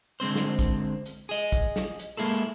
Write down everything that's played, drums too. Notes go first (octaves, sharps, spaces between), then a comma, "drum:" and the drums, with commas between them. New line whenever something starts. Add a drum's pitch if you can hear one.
D3 G#3 C4 C5
drum: snare
drum: kick, hi-hat
drum: hi-hat
G#4 D#5
drum: kick, hi-hat
drum: snare
drum: hi-hat
G#3 A#3 E4 G#4 A4